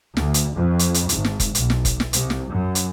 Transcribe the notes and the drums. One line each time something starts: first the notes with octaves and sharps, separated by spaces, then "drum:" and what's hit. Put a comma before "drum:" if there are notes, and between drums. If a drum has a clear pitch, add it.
D2, drum: snare
drum: hi-hat
F2
drum: hi-hat
drum: hi-hat
G#1, drum: hi-hat
drum: snare
drum: kick F#1, hi-hat
B1, drum: hi-hat
drum: snare
drum: kick F#1, hi-hat
drum: snare
C2, drum: hi-hat
drum: snare
F#2
drum: hi-hat